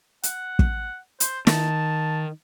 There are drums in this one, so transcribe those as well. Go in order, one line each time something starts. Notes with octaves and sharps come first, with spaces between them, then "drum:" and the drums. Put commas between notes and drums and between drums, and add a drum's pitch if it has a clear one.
F#5, drum: hi-hat
drum: kick
C5, drum: hi-hat
D#3 A5, drum: snare